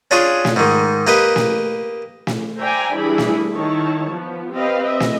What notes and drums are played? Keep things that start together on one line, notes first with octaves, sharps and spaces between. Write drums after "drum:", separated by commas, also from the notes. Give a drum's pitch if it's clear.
C#4 D4 F4 G#4 G5
drum: snare
G#2 D#3
A#3 G4 B4 D#5
drum: snare
drum: snare
C5 D5 E5 G5 G#5 A#5
E3 G3 D4 E4 G#4 B5
drum: snare
D#3 E4 C#5 A5
F3 B3
C4 G4 B4 D#5 F5
D#5 E5
drum: snare